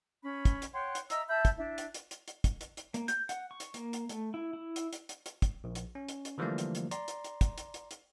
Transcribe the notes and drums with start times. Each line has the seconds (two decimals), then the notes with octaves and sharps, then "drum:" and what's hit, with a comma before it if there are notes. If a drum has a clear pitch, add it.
0.23 C#4 B5
0.45 drum: kick, hi-hat
0.62 drum: hi-hat
0.73 C#5 F#5 G5 C6
0.95 drum: hi-hat
1.10 D#5 E5 A#5 E6, drum: hi-hat
1.28 E5 A5 B5 G6
1.45 drum: kick, hi-hat
1.58 D4 E4
1.78 drum: hi-hat
1.94 drum: hi-hat
2.11 drum: hi-hat
2.28 drum: hi-hat
2.44 drum: kick, hi-hat
2.61 drum: hi-hat
2.77 drum: hi-hat
2.94 A#3, drum: hi-hat
3.08 G6, drum: hi-hat
3.29 F#5, drum: hi-hat
3.51 C#6
3.60 drum: hi-hat
3.74 A#3, drum: hi-hat
3.93 drum: hi-hat
4.09 A3, drum: hi-hat
4.34 E4
4.53 E4
4.76 drum: hi-hat
4.93 drum: hi-hat
5.09 drum: hi-hat
5.26 drum: hi-hat
5.42 drum: kick, hi-hat
5.64 A#1
5.75 drum: hi-hat
5.95 C#4
6.09 drum: hi-hat
6.25 drum: hi-hat
6.38 D3 E3 F3 G3 A3 A#3
6.58 drum: hi-hat
6.75 drum: hi-hat
6.91 D5 A#5 C6, drum: hi-hat
7.08 drum: hi-hat
7.24 drum: hi-hat
7.41 drum: kick, hi-hat
7.58 drum: hi-hat
7.74 drum: hi-hat
7.91 drum: hi-hat